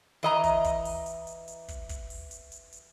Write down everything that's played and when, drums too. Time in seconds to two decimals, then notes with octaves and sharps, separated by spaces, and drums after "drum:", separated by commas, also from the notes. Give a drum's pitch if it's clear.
0.23 E3 D#5 A#5
0.44 drum: kick, hi-hat
0.64 drum: kick, hi-hat
0.85 drum: open hi-hat
1.06 drum: hi-hat
1.27 drum: hi-hat
1.48 drum: hi-hat
1.68 drum: kick, hi-hat
1.89 drum: kick, hi-hat
2.10 drum: open hi-hat
2.31 drum: hi-hat
2.52 drum: hi-hat
2.72 drum: hi-hat